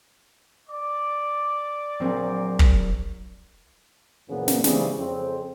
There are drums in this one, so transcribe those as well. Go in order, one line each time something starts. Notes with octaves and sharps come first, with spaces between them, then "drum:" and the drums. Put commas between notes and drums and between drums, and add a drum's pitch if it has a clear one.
D5 D6
A#1 F#3 C4
drum: kick
F#2 A#2 C#3 E3 F3 B3
drum: snare
G#2 C#3 E3 G3 C4 C#4, drum: snare
F2 C#3 C4